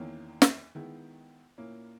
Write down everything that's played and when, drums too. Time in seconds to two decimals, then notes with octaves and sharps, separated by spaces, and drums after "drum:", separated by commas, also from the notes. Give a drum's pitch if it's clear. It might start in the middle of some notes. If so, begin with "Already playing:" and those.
Already playing: E2 D#3 A#3 C#4 E4
0.42 drum: snare
0.75 D#3 G#3 B3 E4
1.58 A#2 A#3 C#4 E4